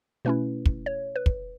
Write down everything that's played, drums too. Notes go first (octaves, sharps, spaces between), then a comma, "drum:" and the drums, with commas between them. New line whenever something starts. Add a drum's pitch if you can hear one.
B2 A3 C#4 E4 B4
drum: kick
C#5
B4
drum: kick